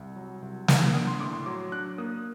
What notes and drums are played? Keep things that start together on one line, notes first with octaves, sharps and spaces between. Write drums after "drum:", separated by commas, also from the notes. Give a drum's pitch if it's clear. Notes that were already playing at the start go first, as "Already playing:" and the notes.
Already playing: C2
F#3
C2
C2, drum: snare
D4 D#6
C6
A2 D6
C6
F#3 D6
D4 F#6
A#3 D#6